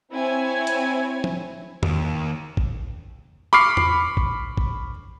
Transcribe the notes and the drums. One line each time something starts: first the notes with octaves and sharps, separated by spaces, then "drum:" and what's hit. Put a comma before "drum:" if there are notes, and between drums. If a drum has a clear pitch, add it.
C4 E4 C#5 G#5
drum: hi-hat
drum: tom F3
D#2, drum: tom E2
drum: kick A1
B5 C#6 D6 F6 C7, drum: rim click
drum: tom E2
drum: kick A1
drum: kick A1